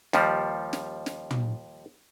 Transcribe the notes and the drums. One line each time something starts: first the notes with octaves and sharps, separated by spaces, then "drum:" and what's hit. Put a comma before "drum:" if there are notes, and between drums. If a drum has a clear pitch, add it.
D#2 F3 G3, drum: snare
drum: snare
drum: snare
drum: tom